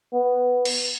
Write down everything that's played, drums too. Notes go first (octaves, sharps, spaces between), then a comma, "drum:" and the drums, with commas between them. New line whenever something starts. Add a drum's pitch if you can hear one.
B3
drum: cymbal